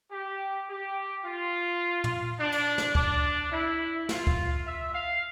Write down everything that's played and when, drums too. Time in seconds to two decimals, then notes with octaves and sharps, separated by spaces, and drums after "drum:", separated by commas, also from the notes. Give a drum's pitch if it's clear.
0.11 G4
0.68 G4
1.25 F4
2.04 drum: tom
2.39 D4
2.52 drum: cymbal
2.78 drum: snare
2.95 D4, drum: kick C#2
3.52 E4
4.09 F4, drum: snare
4.27 drum: kick C#2
4.65 E5
4.94 F5